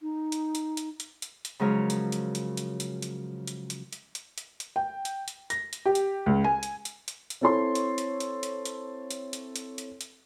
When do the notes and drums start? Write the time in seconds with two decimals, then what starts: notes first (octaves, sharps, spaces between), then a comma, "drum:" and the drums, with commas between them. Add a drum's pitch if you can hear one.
0.01 D#4
0.32 drum: hi-hat
0.55 drum: hi-hat
0.77 drum: hi-hat
1.00 drum: hi-hat
1.22 drum: hi-hat
1.45 drum: hi-hat
1.60 C#3 F3 F#3 G#3 A#4 C#5
1.90 drum: hi-hat
2.12 drum: hi-hat
2.35 drum: hi-hat
2.57 drum: hi-hat
2.80 drum: hi-hat
3.02 drum: hi-hat
3.47 drum: hi-hat
3.70 drum: hi-hat
3.93 drum: hi-hat
4.15 drum: hi-hat
4.38 drum: hi-hat
4.60 drum: hi-hat
4.76 G5
5.05 drum: hi-hat
5.28 drum: hi-hat
5.50 A#6, drum: hi-hat
5.73 drum: hi-hat
5.86 G4
5.95 drum: hi-hat
6.26 C#2
6.44 G#5
6.63 drum: hi-hat
6.85 drum: hi-hat
7.08 drum: hi-hat
7.30 drum: hi-hat
7.41 C4 E4 A4 C#5 C6
7.75 drum: hi-hat
7.98 drum: hi-hat
8.20 drum: hi-hat
8.43 drum: hi-hat
8.65 drum: hi-hat
9.11 drum: hi-hat
9.33 drum: hi-hat
9.56 drum: hi-hat
9.78 drum: hi-hat
10.01 drum: hi-hat